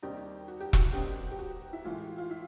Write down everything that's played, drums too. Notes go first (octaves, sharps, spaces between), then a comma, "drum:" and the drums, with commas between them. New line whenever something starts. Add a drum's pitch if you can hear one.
D#2 D#3 G3 C4 D#4 G4
F#4
G4
F#4, drum: kick E1
D#2 D#3 G3 C4 D#4 G4
G4
F#4
E4
A2 E3 G#3 F4
F4
E4